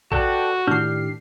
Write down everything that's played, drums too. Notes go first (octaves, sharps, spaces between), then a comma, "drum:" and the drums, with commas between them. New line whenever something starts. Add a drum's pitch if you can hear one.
F#4 A4 B4 D5 G5 A5 F#6, drum: kick
A2 D#3 D4 G4 F6 G6 C7